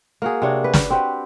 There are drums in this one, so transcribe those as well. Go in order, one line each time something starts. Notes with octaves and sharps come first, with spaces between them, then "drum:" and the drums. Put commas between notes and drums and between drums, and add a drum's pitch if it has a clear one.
A#3 F#4 G#4
C3 D4 C#5
B4
drum: snare
C4 F#4 G4 B4